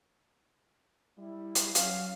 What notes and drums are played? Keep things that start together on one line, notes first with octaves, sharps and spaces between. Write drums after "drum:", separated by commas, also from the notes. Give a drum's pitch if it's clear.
G3 E4
drum: hi-hat
F#3 C#4 F5, drum: hi-hat